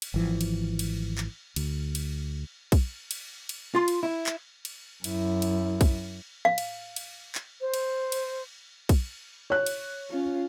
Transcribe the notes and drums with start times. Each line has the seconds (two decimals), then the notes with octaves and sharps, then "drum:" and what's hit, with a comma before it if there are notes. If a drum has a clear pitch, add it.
0.02 drum: cymbal
0.14 G#1 E3 F3
0.41 drum: cymbal
0.79 drum: cymbal
1.18 drum: clap
1.56 D2, drum: cymbal
1.95 drum: cymbal
2.72 drum: kick, cymbal
3.11 drum: cymbal
3.49 drum: cymbal
3.75 F4 C6
3.88 drum: cymbal
4.03 E4
4.26 drum: clap
4.65 drum: cymbal
5.04 F#2 E4, drum: cymbal
5.42 drum: cymbal
5.81 drum: kick, cymbal
6.45 F5
6.58 drum: cymbal
6.96 drum: cymbal
7.35 drum: clap
7.61 C5
7.74 drum: cymbal
8.12 drum: cymbal
8.89 drum: kick, cymbal
9.50 C#5 F#6
9.66 drum: cymbal
10.10 C#4 F4